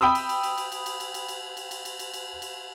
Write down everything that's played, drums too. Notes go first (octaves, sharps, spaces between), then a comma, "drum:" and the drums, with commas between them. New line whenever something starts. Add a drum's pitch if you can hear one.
G5 B5 D#6 E6
drum: cymbal
drum: cymbal
drum: cymbal
drum: cymbal
drum: cymbal
drum: cymbal
drum: cymbal
drum: cymbal
drum: cymbal
drum: cymbal
drum: cymbal
drum: cymbal
drum: cymbal
drum: cymbal
drum: cymbal